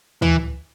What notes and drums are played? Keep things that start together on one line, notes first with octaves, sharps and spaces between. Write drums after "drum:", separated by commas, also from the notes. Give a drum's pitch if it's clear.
E3, drum: tom